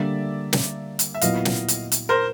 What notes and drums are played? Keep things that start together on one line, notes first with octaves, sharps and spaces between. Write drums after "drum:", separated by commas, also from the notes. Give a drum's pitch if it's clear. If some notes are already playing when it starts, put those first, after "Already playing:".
Already playing: D3 G3 A#3 D4 D5 E5
drum: snare
drum: hi-hat
E5
A#2 F#3 B3 E4 D#5 F5, drum: hi-hat
drum: snare
drum: hi-hat
drum: hi-hat
A#4 C5